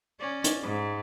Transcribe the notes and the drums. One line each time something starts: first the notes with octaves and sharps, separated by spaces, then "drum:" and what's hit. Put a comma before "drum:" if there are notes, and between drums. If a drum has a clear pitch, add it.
C#4 D5
drum: hi-hat
G#2